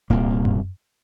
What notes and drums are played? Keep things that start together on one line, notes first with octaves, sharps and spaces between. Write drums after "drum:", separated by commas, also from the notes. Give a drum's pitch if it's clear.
C2 A#2 A#3, drum: kick D1
drum: tom F#2